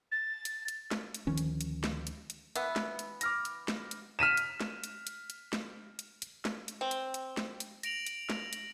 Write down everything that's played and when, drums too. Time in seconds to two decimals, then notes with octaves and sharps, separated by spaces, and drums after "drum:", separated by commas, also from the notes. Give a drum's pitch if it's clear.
0.12 A6
0.45 drum: hi-hat
0.68 drum: hi-hat
0.91 drum: snare
1.14 drum: hi-hat
1.27 D2 D#3 F3 C#4
1.38 drum: hi-hat
1.61 drum: hi-hat
1.84 drum: snare
2.07 drum: hi-hat
2.30 drum: hi-hat
2.56 E3 B3 E5, drum: hi-hat
2.76 drum: snare
2.99 drum: hi-hat
3.21 D6 F6 A#6, drum: hi-hat
3.45 drum: hi-hat
3.68 drum: snare
3.91 drum: hi-hat
4.19 F6 B6 D#7 E7
4.37 drum: hi-hat
4.60 drum: snare
4.84 drum: hi-hat
5.07 drum: hi-hat
5.30 drum: hi-hat
5.53 drum: snare
5.99 drum: hi-hat
6.22 drum: hi-hat
6.45 drum: snare
6.68 drum: hi-hat
6.81 C4
6.91 drum: hi-hat
7.14 drum: hi-hat
7.37 drum: snare
7.60 drum: hi-hat
7.83 A#6 D7 F7 F#7, drum: hi-hat
8.06 drum: hi-hat
8.30 drum: snare
8.53 drum: hi-hat